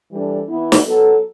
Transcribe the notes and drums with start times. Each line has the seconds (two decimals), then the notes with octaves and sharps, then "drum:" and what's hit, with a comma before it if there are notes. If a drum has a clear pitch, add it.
0.11 E3 G3 D4 A4
0.48 E3 B3 E4
0.72 drum: snare
0.85 F#3 B3 F#4 A4